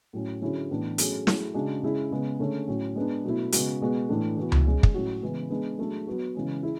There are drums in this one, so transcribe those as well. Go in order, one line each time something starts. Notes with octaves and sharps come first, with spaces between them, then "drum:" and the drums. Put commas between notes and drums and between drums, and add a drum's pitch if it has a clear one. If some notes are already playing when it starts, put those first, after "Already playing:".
A2 F#3 C#4
D3 F#3 C#4 E4 G#4
A2 E3 B3 D4
F#3 A3 C#4 G#4, drum: hi-hat
F#3 A3 E4 G#4, drum: snare
C#3 G#3 D4 F#4
C#3 G#3 C#4 E4 G#4
C#3 G#3 B3
D3 A3 C#4 G#4
A2 F#3 C#4
G#3 B3 D4
B2 F#3 A3 E4
C#3 G#3 B3 F#4, drum: hi-hat
B2 G#3 B3 F#4
A2 E3 A3 D4
E3 B3 F#4
drum: tom C#2
G#3 C#4 G#4
drum: kick
A2 F#3 C#4 F#4
C#3 E3 G#3 B3 E4
G#3 B3 D4
F#3 A3 D4 G#4
F#3 B3 F#4
C#3 E3 G#3 C#4
E4 G#4